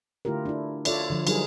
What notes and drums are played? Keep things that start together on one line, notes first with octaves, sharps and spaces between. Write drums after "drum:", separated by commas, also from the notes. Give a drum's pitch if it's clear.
D3 A3 E4 F4 G4 A#4
D4 E4
F4 A4 C#5 D5 E5, drum: cymbal
D3 F3
F#3 G3 D#4 G#4 A#4, drum: cymbal